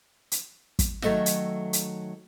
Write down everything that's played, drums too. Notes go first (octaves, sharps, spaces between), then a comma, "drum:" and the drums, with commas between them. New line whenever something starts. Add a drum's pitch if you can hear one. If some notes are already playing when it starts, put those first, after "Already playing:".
drum: hi-hat
drum: kick, hi-hat
D#3 F#3 A3 A4 D#5 E5, drum: snare
drum: hi-hat
drum: hi-hat